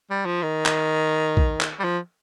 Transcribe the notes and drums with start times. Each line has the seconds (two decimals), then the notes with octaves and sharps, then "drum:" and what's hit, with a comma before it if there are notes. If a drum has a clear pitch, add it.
0.10 G3
0.26 F3
0.42 D#3
0.66 drum: clap
1.37 drum: kick A#1
1.61 drum: clap
1.79 G3
1.84 F3